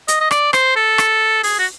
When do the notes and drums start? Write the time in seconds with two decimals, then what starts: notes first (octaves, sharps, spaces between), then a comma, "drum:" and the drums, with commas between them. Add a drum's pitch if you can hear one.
0.08 D#5, drum: hi-hat
0.21 D#5
0.31 D5, drum: rim click
0.53 C5, drum: rim click
0.76 A4
0.98 drum: rim click
1.43 G#4, drum: open hi-hat
1.59 F#4